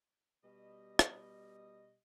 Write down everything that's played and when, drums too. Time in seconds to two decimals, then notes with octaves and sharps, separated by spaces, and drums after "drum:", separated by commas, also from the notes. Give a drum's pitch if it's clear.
0.44 B2 G3 D#5
0.99 drum: rim click